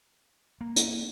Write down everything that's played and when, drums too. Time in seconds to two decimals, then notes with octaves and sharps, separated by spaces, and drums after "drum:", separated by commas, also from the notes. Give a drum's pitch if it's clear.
0.61 A#3
0.76 drum: hi-hat